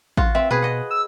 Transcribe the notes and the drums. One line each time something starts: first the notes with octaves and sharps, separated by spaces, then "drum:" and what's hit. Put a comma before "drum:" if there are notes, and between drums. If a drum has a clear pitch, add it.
F4 F#4, drum: kick A1
C4 E5
B2 G#4 B4
D#5 F#5
E6